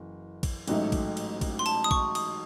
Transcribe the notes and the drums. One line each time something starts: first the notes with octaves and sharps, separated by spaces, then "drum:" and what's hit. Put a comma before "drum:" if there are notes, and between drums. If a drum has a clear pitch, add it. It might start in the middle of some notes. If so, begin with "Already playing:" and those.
Already playing: F#1 E3
drum: kick A#1, cymbal
A1 G#2 F#3 A3 D#4, drum: cymbal
drum: kick A#1, cymbal
drum: cymbal
drum: kick A#1, cymbal
C6
A5, drum: cymbal
D#6
C#6, drum: kick A#1
D#6, drum: cymbal